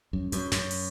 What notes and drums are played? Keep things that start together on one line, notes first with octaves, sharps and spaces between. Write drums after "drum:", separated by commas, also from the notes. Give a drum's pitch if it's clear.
F#2
F#2, drum: hi-hat
F#2, drum: snare
drum: open hi-hat